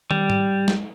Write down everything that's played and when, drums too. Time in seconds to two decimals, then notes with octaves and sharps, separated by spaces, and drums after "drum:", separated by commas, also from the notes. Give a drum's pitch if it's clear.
0.11 G3, drum: tom
0.30 drum: tom G#2
0.68 drum: snare